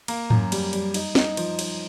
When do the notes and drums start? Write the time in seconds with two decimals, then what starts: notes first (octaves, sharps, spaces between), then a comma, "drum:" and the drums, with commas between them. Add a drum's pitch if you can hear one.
0.08 A#3, drum: cymbal
0.30 F#2, drum: tom G#2
0.52 G3, drum: cymbal
0.73 G3, drum: cymbal
0.94 D#4, drum: cymbal
1.15 D#4, drum: snare
1.37 F3, drum: cymbal
1.59 D#4, drum: cymbal